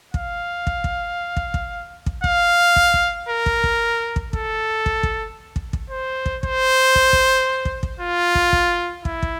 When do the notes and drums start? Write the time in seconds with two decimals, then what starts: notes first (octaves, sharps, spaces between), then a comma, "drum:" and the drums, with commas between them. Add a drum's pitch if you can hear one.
0.14 F5, drum: kick
0.67 drum: kick
0.84 drum: kick
1.37 drum: kick
1.54 drum: kick
2.06 drum: kick
2.24 F5, drum: kick
2.76 drum: kick
2.94 drum: kick
3.29 A#4
3.46 drum: kick
3.64 drum: kick
4.16 drum: kick
4.33 A4, drum: kick
4.86 drum: kick
5.03 drum: kick
5.56 drum: kick
5.73 drum: kick
5.90 C5
6.26 drum: kick
6.43 C5, drum: kick
6.95 drum: kick
7.13 drum: kick
7.65 drum: kick
7.83 drum: kick
8.00 F4
8.35 drum: kick
8.53 drum: kick
9.05 E4, drum: kick
9.23 drum: kick